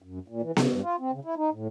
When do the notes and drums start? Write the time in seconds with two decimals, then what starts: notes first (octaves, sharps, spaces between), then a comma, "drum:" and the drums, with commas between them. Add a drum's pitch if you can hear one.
0.02 F#2
0.28 A#2
0.42 E3
0.57 C#3, drum: snare B3
0.69 G2
0.82 F4
1.00 C4
1.12 C#3
1.25 E4
1.37 D#4
1.53 A2